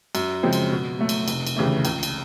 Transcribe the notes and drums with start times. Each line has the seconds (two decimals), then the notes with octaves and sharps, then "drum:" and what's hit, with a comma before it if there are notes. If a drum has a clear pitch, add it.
0.15 F#2, drum: cymbal
0.43 C#3 F3 G#3 C4
0.53 drum: cymbal
0.71 B2
0.99 F#3 A3
1.09 drum: cymbal
1.28 F1, drum: cymbal
1.47 drum: cymbal
1.56 D#2 C#3 E3 A3
1.85 C#2, drum: cymbal
2.03 drum: cymbal